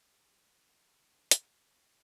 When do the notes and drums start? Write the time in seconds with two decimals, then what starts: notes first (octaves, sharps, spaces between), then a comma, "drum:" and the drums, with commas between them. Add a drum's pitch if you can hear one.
0.12 G3
0.55 F3
0.99 D3
1.31 drum: hi-hat